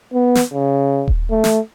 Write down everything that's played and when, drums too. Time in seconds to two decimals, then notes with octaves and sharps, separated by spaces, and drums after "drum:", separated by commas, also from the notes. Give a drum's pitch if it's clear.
0.13 B3
0.35 drum: snare
0.53 C#3
1.08 drum: kick D#1
1.31 A3
1.44 drum: snare